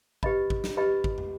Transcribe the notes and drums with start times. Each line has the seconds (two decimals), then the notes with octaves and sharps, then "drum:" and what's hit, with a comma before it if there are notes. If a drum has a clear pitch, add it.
0.23 G4 B4 D#5 B5, drum: kick G#1
0.50 drum: kick G#1
0.64 drum: snare
0.77 G4 B4 D#5 B5
1.04 drum: kick G#1
1.18 drum: tom